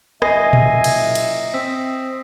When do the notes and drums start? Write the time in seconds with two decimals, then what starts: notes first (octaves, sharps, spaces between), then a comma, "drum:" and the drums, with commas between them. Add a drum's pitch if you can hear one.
0.22 F#1 A#2 D#5 E5 G#5 D#6 A#6 C7, drum: rim click
0.53 drum: tom A#2
0.84 drum: cymbal
1.15 drum: cymbal
1.54 C4 D#6 E6 B6